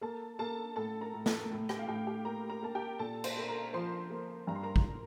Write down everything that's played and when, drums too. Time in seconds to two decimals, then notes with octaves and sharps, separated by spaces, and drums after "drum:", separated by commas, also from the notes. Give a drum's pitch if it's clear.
0.01 A#3 A4 A5
0.39 A#3 A4 A5
0.76 A2 A4 A5
1.01 A#4 A#5
1.13 A2
1.26 A4 A5, drum: snare
1.51 A2
1.69 G4 G5, drum: rim click
1.79 F5
1.87 A2 G4 G5
2.07 G4 G5
2.25 A#3 A#4 A#5
2.50 A#4 A#5
2.62 A#3 A5
2.75 G4 G5
2.99 A#2 A4 A5
3.24 C5 C6, drum: cymbal
3.37 A#3 C6
3.48 A#4 A#5
3.73 F3 C5 C6
4.10 A#3
4.47 G2 A#5
4.55 C6
4.63 A#4 A#5
4.76 drum: kick G#1